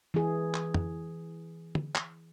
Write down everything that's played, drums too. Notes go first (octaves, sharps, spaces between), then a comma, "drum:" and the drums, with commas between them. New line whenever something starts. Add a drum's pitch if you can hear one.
E3 G#4
drum: clap
drum: tom
drum: tom
drum: clap